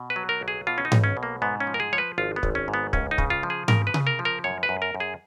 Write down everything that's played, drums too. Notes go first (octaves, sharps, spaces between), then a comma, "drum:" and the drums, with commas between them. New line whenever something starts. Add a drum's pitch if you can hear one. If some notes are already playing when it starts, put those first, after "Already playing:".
Already playing: B2
B4
F#3
A#4
B1
G#4
B2 F4
C#4
D#4
B1, drum: tom G#2
C#4
B2
A#3
G#2 B3
C#4
F3
A#4
G#4
F3 C#5
B4
G#1 F4
B3
G#1, drum: kick
C#4
G#2
B3
C#2 C#4, drum: kick
D#4
C#3, drum: kick
F4
F3
G#4
C#3 A#4, drum: tom G#2
B4
C#3, drum: tom C3
A#4
F3
A#4
F#2 C#5
B4
F#2
A#4
F#2
G#4